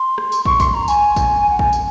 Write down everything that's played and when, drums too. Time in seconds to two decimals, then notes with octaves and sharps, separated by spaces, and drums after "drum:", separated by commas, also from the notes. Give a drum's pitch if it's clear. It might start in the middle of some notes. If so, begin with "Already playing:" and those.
Already playing: C6
0.18 drum: rim click
0.32 drum: tambourine
0.45 C#6, drum: kick
0.60 C6, drum: kick, tambourine
0.74 A#5
0.88 G#5, drum: tambourine
1.16 drum: kick, tambourine
1.49 F#5
1.59 G#5, drum: kick
1.73 drum: tambourine